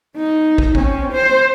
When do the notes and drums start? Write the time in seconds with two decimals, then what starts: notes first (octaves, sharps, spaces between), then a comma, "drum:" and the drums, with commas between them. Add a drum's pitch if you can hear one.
0.17 D#4
0.58 drum: kick
0.75 C4 C#4, drum: kick
1.13 C5